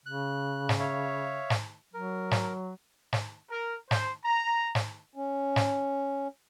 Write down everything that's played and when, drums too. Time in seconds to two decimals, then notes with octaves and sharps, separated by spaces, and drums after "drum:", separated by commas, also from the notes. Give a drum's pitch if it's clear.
0.06 C#3 F#6
0.69 drum: snare
0.80 C#5 E5 F5
1.50 drum: snare
1.94 F#3 A#4
2.31 drum: snare
3.13 drum: snare
3.51 A#4
3.91 C5, drum: snare
4.24 A#5
4.75 drum: snare
5.16 C#4
5.56 drum: snare